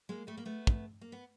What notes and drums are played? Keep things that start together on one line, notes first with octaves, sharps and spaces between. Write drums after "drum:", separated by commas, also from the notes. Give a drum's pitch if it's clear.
G#3 A#3
G3 A3
A#3
A3 B3
drum: kick
A#3
B3